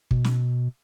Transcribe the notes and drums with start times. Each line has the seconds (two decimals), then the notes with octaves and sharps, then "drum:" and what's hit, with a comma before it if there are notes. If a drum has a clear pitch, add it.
0.11 B2, drum: kick
0.24 drum: snare